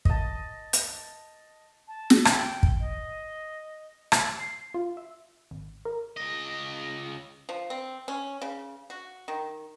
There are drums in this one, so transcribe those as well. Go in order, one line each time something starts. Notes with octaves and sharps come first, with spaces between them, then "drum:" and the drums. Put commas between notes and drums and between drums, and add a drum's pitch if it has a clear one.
D#5 A5, drum: kick
drum: hi-hat
A5
drum: snare
G5, drum: rim click
drum: kick
D#5
drum: rim click
C7
F4
E5
G#1
A#4
C#2 D#5
F3
C4
C#4
C#3
F#4
D#3